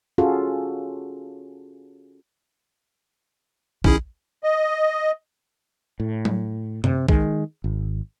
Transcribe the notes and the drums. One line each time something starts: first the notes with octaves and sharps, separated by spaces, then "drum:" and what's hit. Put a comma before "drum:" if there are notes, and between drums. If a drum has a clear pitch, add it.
C#4 F4 F#4 G#4 A4
D#3 C#4 E4 G#4, drum: kick
D#5
A2
drum: tom F#3
C3, drum: tom F#2
D#3 G#3, drum: kick
G#1